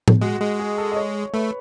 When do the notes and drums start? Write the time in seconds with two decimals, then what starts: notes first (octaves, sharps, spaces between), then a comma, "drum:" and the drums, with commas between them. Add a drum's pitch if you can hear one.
0.08 drum: tom A2
0.21 G#3 F#4
0.40 G#3
0.60 G#4
0.78 A4
0.92 D#5
0.97 C#5
1.34 A3 B4